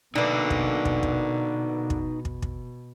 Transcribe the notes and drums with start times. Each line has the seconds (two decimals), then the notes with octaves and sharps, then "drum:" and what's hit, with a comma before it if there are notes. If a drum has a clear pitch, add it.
0.15 B2 D3 A#3 D#4 B4
0.50 drum: kick
0.85 drum: kick
1.03 drum: kick
1.90 drum: kick
2.25 drum: kick
2.42 drum: kick